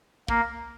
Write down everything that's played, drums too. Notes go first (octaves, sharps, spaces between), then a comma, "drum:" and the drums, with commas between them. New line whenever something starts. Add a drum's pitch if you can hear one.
A#3, drum: kick